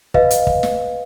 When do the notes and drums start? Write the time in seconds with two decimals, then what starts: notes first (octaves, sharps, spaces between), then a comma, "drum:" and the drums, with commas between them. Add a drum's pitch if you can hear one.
0.14 B4 D#5 F5, drum: kick
0.30 drum: hi-hat
0.47 drum: kick
0.63 drum: snare